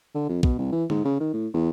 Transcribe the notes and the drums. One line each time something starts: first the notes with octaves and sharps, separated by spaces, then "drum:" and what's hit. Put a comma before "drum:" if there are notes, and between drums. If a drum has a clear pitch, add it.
D3
F2
B2, drum: kick
C2
E3
G#2, drum: tom D3
C#3
D#3
A2
E2